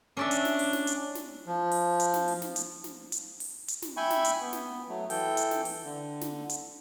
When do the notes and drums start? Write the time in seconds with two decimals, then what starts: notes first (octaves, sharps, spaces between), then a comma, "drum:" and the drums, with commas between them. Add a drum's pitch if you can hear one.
0.17 C#4 D4 D5 E5
0.31 drum: hi-hat
0.45 drum: snare
0.59 drum: open hi-hat
0.73 drum: snare
0.87 drum: hi-hat
1.15 drum: snare
1.46 F3
1.71 drum: open hi-hat
2.00 drum: hi-hat
2.14 drum: snare
2.28 drum: open hi-hat
2.42 drum: snare
2.56 drum: hi-hat
2.84 drum: snare
3.12 drum: hi-hat
3.40 drum: open hi-hat
3.68 drum: hi-hat
3.82 drum: snare
3.97 E5 G5 G#5 B5 C#6
4.10 drum: snare
4.25 drum: hi-hat
4.41 B3
4.53 drum: snare
4.89 F#3 A3
5.10 E3 A4 G5, drum: open hi-hat
5.37 drum: hi-hat
5.51 drum: snare
5.65 drum: open hi-hat
5.85 D3
6.21 drum: snare
6.49 drum: hi-hat